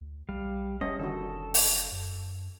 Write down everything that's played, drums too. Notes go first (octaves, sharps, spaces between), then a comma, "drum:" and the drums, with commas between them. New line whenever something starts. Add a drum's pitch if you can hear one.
D2
B1 G3 F5
F1 G3 C#4 D#5
D3 D#3 F#4 A4
drum: open hi-hat
F#2